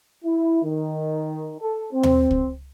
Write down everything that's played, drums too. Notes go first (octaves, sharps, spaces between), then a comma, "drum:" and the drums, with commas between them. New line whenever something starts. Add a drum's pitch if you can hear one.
E4
D#3
A4
C4
drum: tom D#2
drum: kick